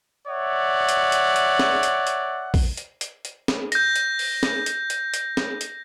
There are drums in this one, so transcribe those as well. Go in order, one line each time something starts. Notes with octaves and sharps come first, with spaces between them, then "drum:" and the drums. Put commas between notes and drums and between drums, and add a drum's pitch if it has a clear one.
C#5 D5 E5 F#5
drum: hi-hat
drum: hi-hat
drum: hi-hat
drum: snare
drum: hi-hat
drum: hi-hat
drum: kick A#1, open hi-hat
drum: hi-hat
drum: hi-hat
drum: hi-hat
drum: snare
G6 A#6, drum: hi-hat
drum: hi-hat
drum: open hi-hat
drum: snare
drum: hi-hat
drum: hi-hat
drum: hi-hat
drum: snare
drum: hi-hat